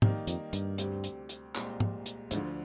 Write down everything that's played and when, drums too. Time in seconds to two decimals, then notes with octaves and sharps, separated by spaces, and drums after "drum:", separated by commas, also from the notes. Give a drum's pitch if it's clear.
0.02 C3 D#3 G3 A#3 D#4, drum: tom G#2
0.27 F2, drum: hi-hat
0.53 G2, drum: hi-hat
0.78 D2 C3 G3 C4 G4, drum: hi-hat
1.04 drum: hi-hat
1.29 drum: hi-hat
1.55 C2 A#2 G#3 C4 G4, drum: clap
1.80 drum: tom G#2
2.06 drum: hi-hat
2.31 D2 G#2 D3 F3, drum: hi-hat